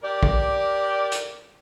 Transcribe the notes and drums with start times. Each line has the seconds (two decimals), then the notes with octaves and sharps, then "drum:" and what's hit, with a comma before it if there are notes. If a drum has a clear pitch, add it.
0.03 G4 A#4 D5
0.23 drum: kick
1.12 drum: hi-hat